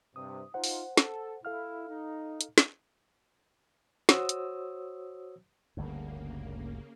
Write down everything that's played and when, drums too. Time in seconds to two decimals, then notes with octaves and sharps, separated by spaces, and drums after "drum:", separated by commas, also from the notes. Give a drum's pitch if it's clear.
0.16 G2 C3 D#6
0.54 D#4 F4 C5 F#5
0.64 drum: open hi-hat
0.97 A4, drum: snare
1.45 E4 A4 F5 F6
1.89 D#4
2.41 drum: hi-hat
2.58 drum: snare
4.09 F#4 C5 C#5 D#6 E6, drum: snare
4.29 drum: hi-hat
5.77 G1 D2 G2 C#3 A#3